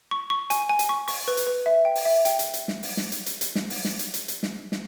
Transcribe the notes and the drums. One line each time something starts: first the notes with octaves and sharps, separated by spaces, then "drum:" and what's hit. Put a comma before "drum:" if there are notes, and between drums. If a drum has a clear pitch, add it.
C#6
C#6
G#5, drum: hi-hat
G#5
drum: hi-hat
C#6
C#6, drum: open hi-hat
B4
drum: hi-hat
B4
E5
G5
drum: open hi-hat
E5
G5, drum: hi-hat
drum: hi-hat
drum: hi-hat
drum: snare
drum: open hi-hat
drum: snare
drum: hi-hat
drum: hi-hat
drum: hi-hat
drum: snare
drum: open hi-hat
drum: snare
drum: hi-hat
drum: hi-hat
drum: hi-hat
drum: snare
drum: snare